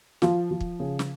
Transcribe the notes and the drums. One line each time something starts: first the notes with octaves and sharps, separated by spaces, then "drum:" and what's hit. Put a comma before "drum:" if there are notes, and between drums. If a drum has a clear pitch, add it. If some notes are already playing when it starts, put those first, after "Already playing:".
F3 F4, drum: snare
F3
drum: kick
C#3 G#4
drum: snare